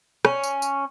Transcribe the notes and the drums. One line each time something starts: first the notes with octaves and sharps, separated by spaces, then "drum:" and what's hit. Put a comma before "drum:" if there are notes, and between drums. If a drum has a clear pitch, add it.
C#4, drum: rim click
drum: tambourine
drum: tambourine